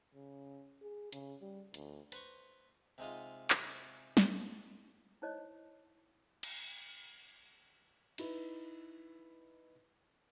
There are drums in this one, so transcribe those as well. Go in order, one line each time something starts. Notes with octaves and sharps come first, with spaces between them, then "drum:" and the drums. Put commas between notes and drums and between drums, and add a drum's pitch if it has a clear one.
C#3
G#4
C#3, drum: hi-hat
G3
D2, drum: hi-hat
B4 C5 A#5 C#6, drum: hi-hat
C3 G#3 D#4 F4
drum: clap
drum: snare
D#4 E4 C5 C#5 D#5
drum: cymbal
D#4 E4 B4, drum: cymbal